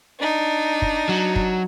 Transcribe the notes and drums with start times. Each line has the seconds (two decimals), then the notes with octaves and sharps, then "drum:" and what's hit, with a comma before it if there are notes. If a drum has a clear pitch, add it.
0.20 D4 D#4
0.82 drum: kick
1.09 F#3
1.36 drum: kick